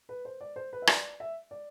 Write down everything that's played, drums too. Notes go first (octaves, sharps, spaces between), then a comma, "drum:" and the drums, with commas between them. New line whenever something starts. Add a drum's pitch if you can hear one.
B4
C5
D5
C5
B4
E5
D5, drum: rim click
E5
D5